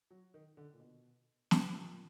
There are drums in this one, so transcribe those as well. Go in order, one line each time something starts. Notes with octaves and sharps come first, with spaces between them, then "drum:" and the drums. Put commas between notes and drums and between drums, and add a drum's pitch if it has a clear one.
F#3
D#3
D3
A#2
B2
drum: snare
A#2